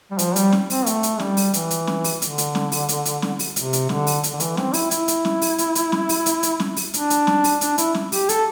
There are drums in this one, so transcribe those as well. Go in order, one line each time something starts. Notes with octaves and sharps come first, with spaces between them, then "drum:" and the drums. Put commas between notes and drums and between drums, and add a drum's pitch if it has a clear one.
G3
F3, drum: hi-hat
G3, drum: hi-hat
drum: snare
C4, drum: open hi-hat
A3, drum: hi-hat
drum: hi-hat
G3, drum: snare
drum: open hi-hat
E3, drum: hi-hat
drum: hi-hat
drum: snare
drum: open hi-hat
D3, drum: hi-hat
drum: hi-hat
drum: snare
drum: open hi-hat
drum: hi-hat
drum: hi-hat
drum: snare
drum: open hi-hat
C3, drum: hi-hat
drum: hi-hat
D3, drum: snare
drum: open hi-hat
drum: hi-hat
D3
E3, drum: hi-hat
C4, drum: snare
E4, drum: open hi-hat
E4, drum: hi-hat
drum: hi-hat
drum: snare
drum: open hi-hat
drum: hi-hat
drum: hi-hat
drum: snare
drum: open hi-hat
drum: hi-hat
drum: hi-hat
drum: snare
drum: open hi-hat
D4, drum: hi-hat
drum: hi-hat
drum: snare
drum: open hi-hat
D4, drum: hi-hat
E4, drum: hi-hat
drum: snare
G4, drum: open hi-hat
A4, drum: hi-hat